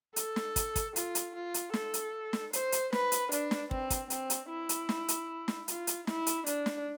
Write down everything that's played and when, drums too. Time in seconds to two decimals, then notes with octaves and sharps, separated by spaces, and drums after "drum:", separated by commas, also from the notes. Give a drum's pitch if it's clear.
0.16 A4, drum: hi-hat
0.36 drum: snare
0.56 drum: kick, hi-hat
0.76 drum: kick, hi-hat
0.96 F4, drum: hi-hat
1.15 drum: hi-hat
1.35 F4
1.54 drum: hi-hat
1.74 A4, drum: snare
1.94 drum: hi-hat
2.33 drum: snare
2.53 C5, drum: hi-hat
2.72 drum: hi-hat
2.93 B4, drum: snare
3.12 drum: hi-hat
3.32 D4, drum: hi-hat
3.51 drum: snare
3.71 C4, drum: kick
3.90 drum: kick, hi-hat
4.10 C4, drum: hi-hat
4.30 drum: hi-hat
4.49 E4
4.69 drum: hi-hat
4.89 drum: snare
5.08 drum: hi-hat
5.48 drum: snare
5.68 F4, drum: hi-hat
5.87 drum: hi-hat
6.07 E4, drum: snare
6.27 drum: hi-hat
6.46 D4, drum: hi-hat
6.66 drum: snare